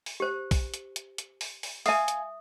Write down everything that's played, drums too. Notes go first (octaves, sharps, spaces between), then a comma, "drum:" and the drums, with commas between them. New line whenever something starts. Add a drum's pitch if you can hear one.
drum: open hi-hat
G4 C5
drum: kick B1, open hi-hat
drum: hi-hat
drum: hi-hat
drum: hi-hat
drum: open hi-hat
drum: open hi-hat
E5 F5 G#5 D#6, drum: open hi-hat
drum: hi-hat